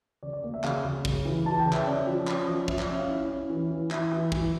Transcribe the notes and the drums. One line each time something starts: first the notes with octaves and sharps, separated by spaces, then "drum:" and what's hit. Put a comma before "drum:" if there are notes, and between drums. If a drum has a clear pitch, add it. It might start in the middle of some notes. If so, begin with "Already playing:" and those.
C#3 D5
D5
A#3
E5
C#3 F5, drum: clap
C#3
C#3, drum: kick
E3
E3 A5
G5
C#3
E5, drum: clap
C#4 D5
F3
C#4, drum: clap
F3
F3 E5, drum: kick
D5, drum: clap
C#4 E5
F5
E4
C#4
E3
E3
E3 E5, drum: clap
E3
E3, drum: kick